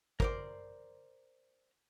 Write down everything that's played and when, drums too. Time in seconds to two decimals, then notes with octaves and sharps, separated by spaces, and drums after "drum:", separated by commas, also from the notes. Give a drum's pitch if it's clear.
0.20 A#4 C5 D5, drum: kick